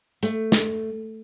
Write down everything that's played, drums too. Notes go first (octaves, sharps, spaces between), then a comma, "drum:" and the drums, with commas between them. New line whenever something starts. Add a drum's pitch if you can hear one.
A3, drum: hi-hat
drum: snare